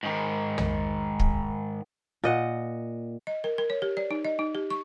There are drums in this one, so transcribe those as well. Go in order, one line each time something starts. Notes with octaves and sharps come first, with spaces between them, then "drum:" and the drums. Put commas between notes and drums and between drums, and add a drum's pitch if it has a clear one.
G#2 D#3
drum: tom
drum: kick
A#2 D#5 F#5
D#5
A#4
A#4
C#5
G4
D5
D#4
D#5
D#4
G4
C#6